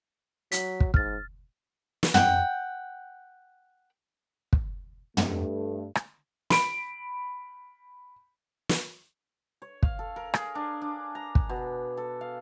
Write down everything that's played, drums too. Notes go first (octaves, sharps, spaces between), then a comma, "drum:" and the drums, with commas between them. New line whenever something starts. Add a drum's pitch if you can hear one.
F#3 B6, drum: hi-hat
drum: kick
G#2 F6 A6, drum: kick
drum: snare
F#5 G5, drum: tom
drum: kick
G2 A3, drum: tom
drum: rim click
B5 D7, drum: snare
drum: snare
C#5
F5, drum: kick
A4
A#4
G#4, drum: rim click
D4
D4
A#5
drum: kick
B2
A4
F5